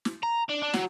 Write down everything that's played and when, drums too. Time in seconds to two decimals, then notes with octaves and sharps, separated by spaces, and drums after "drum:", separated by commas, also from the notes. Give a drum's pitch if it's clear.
0.05 drum: snare
0.23 A#5
0.49 D4
0.62 D4
0.73 F#3, drum: snare